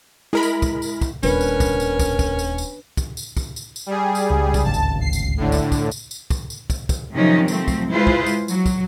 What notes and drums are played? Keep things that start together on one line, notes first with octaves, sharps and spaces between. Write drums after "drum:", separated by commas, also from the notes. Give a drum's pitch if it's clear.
G#3 E4 A#4 B5
drum: tambourine
drum: kick, tambourine
drum: tambourine
drum: kick, tambourine
D#1 C#4 D4 A#4 B4, drum: tambourine
drum: tambourine
drum: kick, tambourine
drum: tambourine
drum: kick, tambourine
drum: kick, tambourine
drum: tambourine
drum: tambourine
drum: kick, tambourine
drum: tambourine
drum: kick, tambourine
drum: tambourine
drum: tambourine
G3 G#4
drum: tambourine
C#2
drum: kick, tambourine
D1 G#1 C#2 A5
drum: tambourine
C7
drum: tambourine
A2 D3
drum: tambourine
drum: kick, tambourine
drum: tambourine
drum: tambourine
drum: kick, tambourine
drum: tambourine
drum: kick, tambourine
drum: kick, tambourine
C3 D#3 F3 F#3 C#4 D#4
F3 F#3 A3 C4, drum: tambourine
drum: kick, tambourine
G#3 E4 F4 G#4 B4 C5
drum: kick
drum: tambourine
F#3, drum: tambourine
drum: kick, tambourine